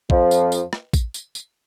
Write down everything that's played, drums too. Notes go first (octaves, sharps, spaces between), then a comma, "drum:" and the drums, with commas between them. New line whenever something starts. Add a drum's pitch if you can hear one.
F2 F3, drum: kick A1
drum: tambourine
drum: tambourine
drum: rim click
drum: kick A1, tambourine
drum: tambourine
drum: tambourine